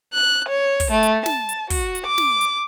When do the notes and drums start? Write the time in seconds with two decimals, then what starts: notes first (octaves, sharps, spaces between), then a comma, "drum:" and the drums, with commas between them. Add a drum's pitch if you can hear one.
0.13 F#6
0.48 C#5
0.80 drum: kick, open hi-hat
0.91 A3
1.03 drum: hi-hat
1.26 A5, drum: snare
1.49 drum: hi-hat
1.70 F#4, drum: kick, open hi-hat
1.95 drum: hi-hat
2.06 D6
2.18 drum: snare
2.41 drum: hi-hat